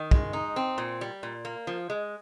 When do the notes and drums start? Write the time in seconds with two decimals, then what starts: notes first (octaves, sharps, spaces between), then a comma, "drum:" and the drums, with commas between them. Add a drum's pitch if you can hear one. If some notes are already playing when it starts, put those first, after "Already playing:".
Already playing: D#3
0.11 G#3, drum: kick
0.33 D#4
0.56 C4
0.78 A#2
1.01 G3
1.23 A#2
1.45 A#3
1.67 F3
1.90 G#3